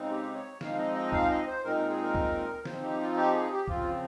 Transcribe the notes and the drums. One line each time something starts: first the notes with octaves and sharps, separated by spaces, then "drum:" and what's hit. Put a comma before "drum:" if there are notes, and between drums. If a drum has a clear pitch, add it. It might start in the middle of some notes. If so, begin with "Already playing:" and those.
Already playing: C#3 G#3 C4 D#4
G4
C#5
F3 G#3 C4 D#4 F5, drum: snare
D#5
D#5
F5, drum: kick
D#5
C5
A#2 G#3 C4 D#4 A#4
A#4
G#4
A#4
drum: kick
F3 C4 D#4 C5, drum: snare
G4
F4
G4
G#4
G4
C#3 F3 C4 F4, drum: kick